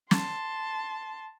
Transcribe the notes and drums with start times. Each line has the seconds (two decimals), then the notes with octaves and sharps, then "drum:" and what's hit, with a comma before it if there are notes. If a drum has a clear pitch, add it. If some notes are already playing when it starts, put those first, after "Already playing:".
0.11 A5 C6, drum: snare